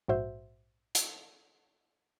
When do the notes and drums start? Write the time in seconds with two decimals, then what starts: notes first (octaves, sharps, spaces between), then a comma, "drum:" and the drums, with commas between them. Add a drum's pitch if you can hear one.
0.08 A#1 G#2 F#4 C5 E5 G6
0.95 drum: hi-hat